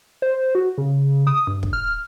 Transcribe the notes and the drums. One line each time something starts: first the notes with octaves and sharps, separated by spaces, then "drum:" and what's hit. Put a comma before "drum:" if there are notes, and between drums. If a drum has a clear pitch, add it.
C5
F#4
C#3
D#6
G2
drum: kick
F6